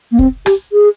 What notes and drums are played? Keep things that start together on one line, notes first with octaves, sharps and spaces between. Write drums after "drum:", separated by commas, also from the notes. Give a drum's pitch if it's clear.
A#3
C4, drum: kick
G4, drum: rim click
G#4